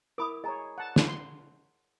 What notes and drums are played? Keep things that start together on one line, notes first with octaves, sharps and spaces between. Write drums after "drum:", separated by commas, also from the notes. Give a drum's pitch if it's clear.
E4 A#4 B5 D6 D#6
G#4 C#5 D#5 G#5 A#5
F#5 A5
drum: snare
C6